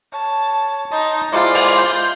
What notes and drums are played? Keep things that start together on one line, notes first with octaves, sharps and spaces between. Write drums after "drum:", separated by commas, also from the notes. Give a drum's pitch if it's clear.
C#5 A5
D#4 D#5 A5 C6
G#3 E4 F4 C5 D5
drum: open hi-hat
G6